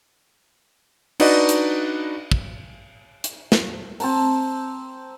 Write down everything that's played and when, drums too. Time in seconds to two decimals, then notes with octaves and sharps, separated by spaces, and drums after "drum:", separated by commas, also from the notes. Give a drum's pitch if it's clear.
1.20 D4 D#4 F#4 B4 D5 D#5, drum: cymbal
1.49 drum: hi-hat
2.32 drum: kick
3.24 drum: hi-hat
3.52 drum: snare
4.00 C4 A5 A#5, drum: open hi-hat